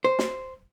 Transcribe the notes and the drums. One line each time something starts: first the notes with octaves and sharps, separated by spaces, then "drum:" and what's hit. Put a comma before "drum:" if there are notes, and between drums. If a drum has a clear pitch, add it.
C5
drum: snare